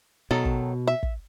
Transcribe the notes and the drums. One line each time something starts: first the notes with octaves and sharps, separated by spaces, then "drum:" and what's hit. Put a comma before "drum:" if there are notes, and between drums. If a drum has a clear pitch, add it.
B2 D#3 F#3 A4
drum: kick
E5
drum: kick